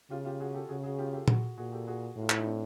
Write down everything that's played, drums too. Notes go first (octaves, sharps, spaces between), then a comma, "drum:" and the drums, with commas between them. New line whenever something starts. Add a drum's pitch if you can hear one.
C#3 F4 G4
F4 G4
F#4 G#4
G4 A4
C#3 F#4 G#4
F#4 G#4
F4 G4
G4 A4
F#4 G#4, drum: tom A#2
A#2 F#4 G#4
G4 A4
F#4 G#4
A2
F4
E4, drum: clap
D#4
C4 D4